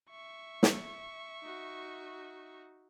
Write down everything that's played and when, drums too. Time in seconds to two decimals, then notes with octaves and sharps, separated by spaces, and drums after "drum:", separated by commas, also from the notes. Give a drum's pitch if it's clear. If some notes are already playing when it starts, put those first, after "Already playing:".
0.10 E5 C#6
0.63 drum: snare
1.41 D#4 F#4